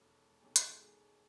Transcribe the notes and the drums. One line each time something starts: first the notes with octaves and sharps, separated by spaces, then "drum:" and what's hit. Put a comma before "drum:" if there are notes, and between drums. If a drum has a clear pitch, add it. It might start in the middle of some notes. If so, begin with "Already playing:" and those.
Already playing: E1 D#2 C#3 G#3 A4
E1 D#2 C#3 G#3 G#4
A4
G#4, drum: hi-hat
G#4